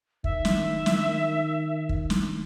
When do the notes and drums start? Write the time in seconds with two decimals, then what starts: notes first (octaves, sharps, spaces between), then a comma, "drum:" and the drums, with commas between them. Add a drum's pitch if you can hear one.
0.24 D#3 E5, drum: kick
0.45 drum: snare
0.86 drum: snare
1.89 drum: kick
2.10 drum: snare